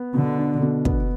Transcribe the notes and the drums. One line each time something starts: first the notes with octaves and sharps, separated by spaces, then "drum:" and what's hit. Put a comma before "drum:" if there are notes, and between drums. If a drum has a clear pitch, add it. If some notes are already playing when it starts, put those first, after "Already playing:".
Already playing: B3
B2 D3
D4
B2
B3, drum: kick